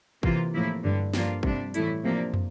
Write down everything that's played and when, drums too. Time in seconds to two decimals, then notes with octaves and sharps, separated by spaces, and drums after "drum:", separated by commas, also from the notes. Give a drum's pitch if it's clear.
0.23 C3 E3 A#3 F4, drum: kick
0.54 A2 F3 A#3 E4
0.84 G2 D3 G3
1.14 G2 F3 A#3 D4 F4, drum: snare
1.43 C3 G3 D4, drum: kick
1.74 A2 E3 A3 E4, drum: hi-hat
2.04 C3 F3 A#3 D4
2.34 drum: tom